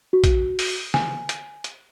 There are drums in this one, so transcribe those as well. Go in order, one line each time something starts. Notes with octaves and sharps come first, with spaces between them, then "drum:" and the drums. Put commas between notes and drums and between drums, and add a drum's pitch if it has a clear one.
F#4
drum: kick A#1, hi-hat
drum: open hi-hat
G#5, drum: snare
drum: hi-hat
drum: hi-hat